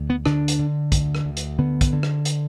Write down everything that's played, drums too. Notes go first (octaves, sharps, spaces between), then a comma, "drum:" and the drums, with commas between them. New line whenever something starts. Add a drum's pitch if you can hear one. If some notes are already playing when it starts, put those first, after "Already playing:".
Already playing: D2
B3
D3 D4, drum: rim click
drum: hi-hat
D3
D2, drum: kick, hi-hat
drum: rim click
D2
drum: hi-hat
D3 B3
drum: kick, hi-hat
D3
drum: rim click
drum: hi-hat